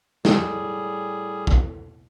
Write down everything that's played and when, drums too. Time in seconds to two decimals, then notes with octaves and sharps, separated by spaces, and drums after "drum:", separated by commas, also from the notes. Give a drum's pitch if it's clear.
0.25 A2 G3 G#4, drum: snare
1.47 drum: kick